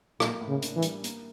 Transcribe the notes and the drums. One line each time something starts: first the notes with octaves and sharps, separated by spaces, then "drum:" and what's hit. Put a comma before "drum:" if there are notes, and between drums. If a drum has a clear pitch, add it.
A#2 A#3, drum: rim click
A2
C#3
D4, drum: hi-hat
E3
G3, drum: hi-hat
A#3, drum: hi-hat